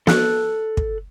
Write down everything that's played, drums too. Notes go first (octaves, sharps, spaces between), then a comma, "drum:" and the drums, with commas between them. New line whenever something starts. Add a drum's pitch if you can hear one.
A4 F#6, drum: snare
drum: kick